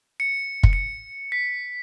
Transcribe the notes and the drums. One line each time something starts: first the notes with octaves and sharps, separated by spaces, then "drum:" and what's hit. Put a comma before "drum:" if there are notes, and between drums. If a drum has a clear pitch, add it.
C#7
drum: kick
C#7
B6